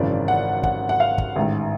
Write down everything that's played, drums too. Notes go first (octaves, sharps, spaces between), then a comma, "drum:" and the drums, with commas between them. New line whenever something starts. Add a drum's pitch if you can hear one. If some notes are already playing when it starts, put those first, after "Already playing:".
Already playing: G#1 F#2 C#3 E3 D5
F#5
F#5, drum: kick
F#5
F5
drum: kick
A1 G#2 D#3